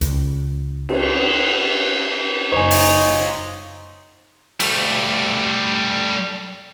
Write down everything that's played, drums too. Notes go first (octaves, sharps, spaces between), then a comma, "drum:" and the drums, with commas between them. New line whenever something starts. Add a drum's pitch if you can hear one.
C#2, drum: hi-hat
drum: cymbal
F#1 D#4 F4 C5 C#5 G#5
drum: open hi-hat
G3 A3, drum: cymbal